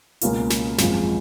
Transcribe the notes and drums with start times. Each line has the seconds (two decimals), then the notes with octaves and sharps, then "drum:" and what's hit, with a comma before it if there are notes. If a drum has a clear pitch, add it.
0.21 C#2 B2 A#3 C#4 F4, drum: hi-hat
0.50 drum: snare
0.78 G#1 F#2 F3 G#3, drum: snare